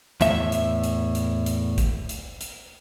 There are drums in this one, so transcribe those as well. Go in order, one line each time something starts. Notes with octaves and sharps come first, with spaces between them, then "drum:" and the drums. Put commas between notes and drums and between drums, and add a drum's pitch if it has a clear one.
E2 A2 E5, drum: hi-hat
drum: hi-hat
drum: hi-hat
drum: hi-hat
drum: hi-hat
drum: kick, hi-hat
drum: hi-hat
drum: hi-hat